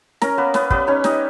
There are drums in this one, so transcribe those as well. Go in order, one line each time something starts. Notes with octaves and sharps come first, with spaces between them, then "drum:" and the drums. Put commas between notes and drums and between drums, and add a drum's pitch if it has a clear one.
C#4 A#4 A#5, drum: snare
A#3 B3 B4
B3 C#4 B4, drum: snare
G3 B3 B4, drum: kick
C#4 D#4 C#5
G3 D#4 D#5, drum: snare